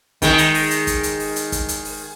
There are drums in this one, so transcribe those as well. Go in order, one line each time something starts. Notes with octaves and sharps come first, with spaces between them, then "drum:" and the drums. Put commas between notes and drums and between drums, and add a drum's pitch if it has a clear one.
D#3 G#3, drum: kick, hi-hat
drum: hi-hat
drum: open hi-hat
drum: hi-hat
drum: kick, hi-hat
drum: hi-hat
drum: open hi-hat
drum: hi-hat
drum: kick, hi-hat
drum: hi-hat
drum: open hi-hat